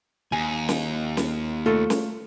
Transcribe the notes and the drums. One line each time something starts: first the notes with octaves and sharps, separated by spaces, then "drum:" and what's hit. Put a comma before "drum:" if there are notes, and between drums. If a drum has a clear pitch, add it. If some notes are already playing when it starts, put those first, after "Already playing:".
D#2 G#5
drum: snare
drum: snare
A3 F4 A4
drum: snare